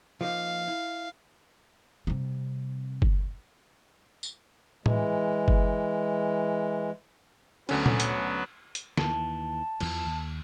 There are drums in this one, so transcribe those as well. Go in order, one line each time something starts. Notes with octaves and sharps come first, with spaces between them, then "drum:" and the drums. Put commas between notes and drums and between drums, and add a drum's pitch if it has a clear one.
F3 A#3 D#4 F5
E4
C3 G3
drum: kick F#1
drum: tambourine
E3 G#3, drum: tom A2
drum: kick F#1
D2 D3 F#3 B3 C#4, drum: cymbal
drum: tom A#2
drum: hi-hat
drum: hi-hat
D#2 E3 A5, drum: snare
E2 E3 F3, drum: cymbal
D#2